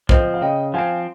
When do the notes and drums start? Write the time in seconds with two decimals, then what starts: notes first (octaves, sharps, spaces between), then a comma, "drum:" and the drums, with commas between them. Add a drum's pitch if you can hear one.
0.09 F3 C4 C5 D#5, drum: kick
0.34 F5
0.42 C#3 D#5 G5
0.74 F3 C4 F5 G#5